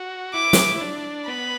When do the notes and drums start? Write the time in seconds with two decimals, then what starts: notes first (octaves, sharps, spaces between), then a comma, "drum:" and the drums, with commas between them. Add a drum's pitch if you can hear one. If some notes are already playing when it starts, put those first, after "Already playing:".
Already playing: F#4
0.34 E4 D6
0.53 drum: snare
0.81 D4
1.27 B3 B5